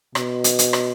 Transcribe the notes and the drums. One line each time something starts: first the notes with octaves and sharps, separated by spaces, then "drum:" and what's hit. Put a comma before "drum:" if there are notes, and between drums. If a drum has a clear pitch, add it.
B2, drum: rim click
drum: hi-hat
drum: hi-hat
drum: rim click